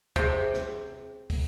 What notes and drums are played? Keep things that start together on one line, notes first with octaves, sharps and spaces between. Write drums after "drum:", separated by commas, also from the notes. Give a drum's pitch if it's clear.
C3 G#4 C5, drum: kick, hi-hat
drum: snare
drum: kick, open hi-hat